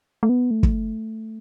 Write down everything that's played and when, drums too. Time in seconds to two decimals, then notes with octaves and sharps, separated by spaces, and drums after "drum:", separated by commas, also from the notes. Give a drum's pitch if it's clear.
0.23 A3
0.29 B3
0.51 A3
0.63 drum: kick